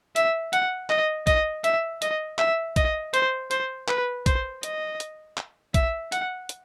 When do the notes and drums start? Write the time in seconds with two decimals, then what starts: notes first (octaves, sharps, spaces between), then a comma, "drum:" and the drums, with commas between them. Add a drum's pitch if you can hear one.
0.16 E5, drum: hi-hat
0.53 F#5, drum: hi-hat
0.90 D#5, drum: clap
1.27 D#5, drum: kick, hi-hat
1.64 E5, drum: hi-hat
2.02 D#5, drum: hi-hat
2.39 E5, drum: clap
2.76 D#5, drum: kick, hi-hat
3.14 C5, drum: hi-hat
3.51 C5, drum: hi-hat
3.88 B4, drum: clap
4.26 C5, drum: kick, hi-hat
4.63 D#5, drum: hi-hat
5.00 drum: hi-hat
5.37 drum: clap
5.74 E5, drum: kick, hi-hat
6.12 F#5, drum: hi-hat
6.49 drum: hi-hat